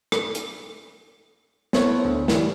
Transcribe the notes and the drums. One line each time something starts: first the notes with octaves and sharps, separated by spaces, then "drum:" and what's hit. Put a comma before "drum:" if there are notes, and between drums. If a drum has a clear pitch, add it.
drum: rim click
drum: hi-hat
B3 E4 A4 C5 C#5, drum: snare
D2
E3 G3, drum: snare